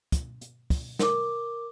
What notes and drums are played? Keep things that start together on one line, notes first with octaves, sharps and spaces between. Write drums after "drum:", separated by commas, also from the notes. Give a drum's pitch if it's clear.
drum: kick, hi-hat
drum: hi-hat
drum: kick, open hi-hat
A#4 D6, drum: snare